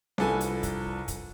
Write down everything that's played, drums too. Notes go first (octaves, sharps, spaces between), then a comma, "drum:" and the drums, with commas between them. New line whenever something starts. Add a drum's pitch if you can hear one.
C2 F3 D4 A4 B4 G#5, drum: snare D4
drum: hi-hat
drum: kick, hi-hat
drum: kick, hi-hat